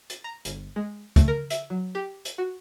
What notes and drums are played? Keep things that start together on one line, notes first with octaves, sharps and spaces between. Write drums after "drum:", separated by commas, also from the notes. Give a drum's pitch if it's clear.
A6, drum: hi-hat
A#5
G1, drum: hi-hat
G#3
A3, drum: kick, hi-hat
A#4
E5, drum: hi-hat
F#3
G4
drum: hi-hat
F#4